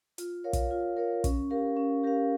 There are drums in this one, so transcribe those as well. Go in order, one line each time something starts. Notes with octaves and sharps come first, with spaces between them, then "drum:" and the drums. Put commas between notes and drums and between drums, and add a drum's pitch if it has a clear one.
F4, drum: hi-hat
A#4 C#5 F5
drum: kick, hi-hat
F4
A#4 C#5 F5
C#4, drum: kick, hi-hat
G4 A#4 F5
C#4
G4 A#4 F5